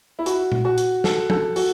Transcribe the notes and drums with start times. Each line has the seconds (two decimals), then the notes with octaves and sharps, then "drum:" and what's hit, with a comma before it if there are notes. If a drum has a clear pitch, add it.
0.19 E4
0.26 F#4, drum: hi-hat
0.52 drum: tom A#2
0.65 F#4
0.78 drum: hi-hat
1.04 A4, drum: snare
1.30 A4, drum: tom
1.56 F#4, drum: open hi-hat